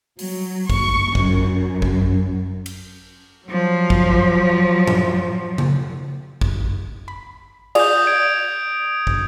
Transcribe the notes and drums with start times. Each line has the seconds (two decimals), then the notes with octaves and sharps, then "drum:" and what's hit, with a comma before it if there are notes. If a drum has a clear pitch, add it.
0.19 F#3, drum: open hi-hat
0.70 C#6, drum: kick
1.15 F#2, drum: kick
1.82 drum: kick
2.66 drum: cymbal
3.46 F3 F#3
3.90 drum: kick
4.87 drum: tom A2
5.58 drum: tom C#3
6.41 drum: kick
7.08 B5
7.75 F4 G#4 D5 D#6 G6, drum: cymbal
8.07 G#6 D7
9.07 drum: kick